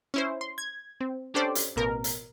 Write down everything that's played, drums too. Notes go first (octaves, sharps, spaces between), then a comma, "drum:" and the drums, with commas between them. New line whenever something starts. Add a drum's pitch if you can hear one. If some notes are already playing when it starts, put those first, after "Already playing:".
C#4 E4 C5
C6
G#6
C4
C#4 D4 G4 A4 C5 D5
drum: hi-hat
A1 B2 A#4
drum: hi-hat